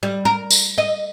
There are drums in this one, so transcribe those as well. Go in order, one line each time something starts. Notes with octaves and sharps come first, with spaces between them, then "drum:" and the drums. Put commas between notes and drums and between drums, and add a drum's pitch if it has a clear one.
G3
A#4
drum: tambourine
D#5